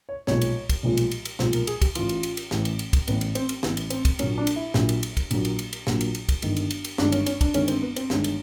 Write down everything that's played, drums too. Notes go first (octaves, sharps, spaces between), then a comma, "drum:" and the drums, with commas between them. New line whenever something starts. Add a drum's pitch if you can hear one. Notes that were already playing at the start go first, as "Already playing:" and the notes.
C#5
B1 A#2 F3 G#3 C#5, drum: snare
drum: cymbal
drum: kick, cymbal
B1 A#2 F3 G#3
drum: cymbal
drum: cymbal
drum: cymbal
B1 A#2 F3 G#3 C5, drum: snare
A#4, drum: cymbal
G#4, drum: cymbal
G4, drum: kick, cymbal
A1 A2 E3 F4, drum: cymbal
drum: cymbal
drum: cymbal
drum: cymbal
A1 A2 E3, drum: snare
drum: cymbal
drum: cymbal
drum: kick, cymbal
A1 A2 E3 B3, drum: cymbal
drum: cymbal
C4, drum: cymbal
drum: cymbal
A1 A2 E3 B3, drum: snare
drum: cymbal
C4, drum: cymbal
drum: kick, cymbal
A#1 A#2 F#3 A#3 C#4, drum: cymbal
D4
drum: cymbal
E4
A#1 A#2 F#3 A#3, drum: snare
drum: cymbal
drum: cymbal
drum: kick, cymbal
A#1 A#2 F#3 A#3, drum: cymbal
drum: cymbal
drum: cymbal
drum: cymbal
A#1 A#2 F#3 A#3, drum: snare
drum: cymbal
drum: cymbal
drum: kick, cymbal
G1 G2 D#3 G#3, drum: cymbal
drum: cymbal
drum: cymbal
drum: cymbal
G1 G2 D#3 G#3 D4, drum: snare
C#4, drum: cymbal
C#4, drum: cymbal
D4, drum: kick, cymbal
G1 G2 D#3 G#3 C#4, drum: cymbal
C4, drum: cymbal
B3
C4, drum: cymbal
G1 G2 D#3 G#3 C#4, drum: snare
drum: cymbal